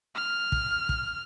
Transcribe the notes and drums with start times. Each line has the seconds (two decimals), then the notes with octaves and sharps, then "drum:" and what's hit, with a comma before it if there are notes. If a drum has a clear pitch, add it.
0.15 F6
0.52 drum: kick
0.89 drum: kick